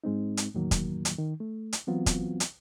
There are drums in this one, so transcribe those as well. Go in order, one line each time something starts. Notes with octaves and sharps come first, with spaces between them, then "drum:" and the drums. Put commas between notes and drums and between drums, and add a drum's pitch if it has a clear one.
G#2 G#3 C4 D#4
drum: hi-hat
E2 A2 D#3 F#3 A#3
drum: kick, hi-hat
drum: hi-hat
D#3
A3
drum: hi-hat
E3 F#3 B3 C4 F4 F#4
drum: kick, hi-hat
drum: hi-hat